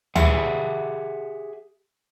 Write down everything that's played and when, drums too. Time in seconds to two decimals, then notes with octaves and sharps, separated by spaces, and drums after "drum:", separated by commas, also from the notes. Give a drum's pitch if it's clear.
0.16 G4 G#4 E5 F#5, drum: tom D2